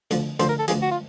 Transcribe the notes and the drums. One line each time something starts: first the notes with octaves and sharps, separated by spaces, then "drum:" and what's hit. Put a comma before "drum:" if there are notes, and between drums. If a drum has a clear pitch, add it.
D2 D3 F3, drum: hi-hat
D2 D3 F3 C5, drum: hi-hat
A#4
A4
D2 D3 F3 G#4, drum: hi-hat
F#4
F4